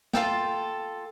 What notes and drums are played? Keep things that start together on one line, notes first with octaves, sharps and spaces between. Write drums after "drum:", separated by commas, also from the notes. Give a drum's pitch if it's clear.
F4 A4 G5, drum: snare